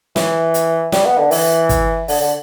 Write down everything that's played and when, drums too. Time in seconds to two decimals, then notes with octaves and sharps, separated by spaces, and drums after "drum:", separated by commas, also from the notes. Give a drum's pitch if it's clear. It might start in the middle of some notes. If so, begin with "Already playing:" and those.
0.16 E3, drum: snare
0.54 drum: hi-hat
0.92 G3, drum: snare
1.06 B3
1.18 D3
1.31 E3, drum: open hi-hat
1.69 drum: kick, hi-hat
2.08 D3, drum: open hi-hat
2.20 D3